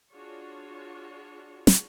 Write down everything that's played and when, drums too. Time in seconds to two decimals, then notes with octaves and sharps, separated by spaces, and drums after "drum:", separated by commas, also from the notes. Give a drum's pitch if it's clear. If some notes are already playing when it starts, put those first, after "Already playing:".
0.13 D4 F4 F#4 G#4 C#5
1.67 drum: snare